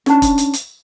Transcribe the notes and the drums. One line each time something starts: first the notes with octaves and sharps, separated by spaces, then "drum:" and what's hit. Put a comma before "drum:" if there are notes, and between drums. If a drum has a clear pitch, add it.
C#4 D4 A5, drum: snare
drum: kick, hi-hat
drum: hi-hat
drum: hi-hat